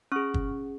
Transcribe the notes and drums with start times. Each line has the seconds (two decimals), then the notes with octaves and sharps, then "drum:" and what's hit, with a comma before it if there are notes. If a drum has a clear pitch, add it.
0.12 C#4 G#4 C#6 F6
0.34 drum: kick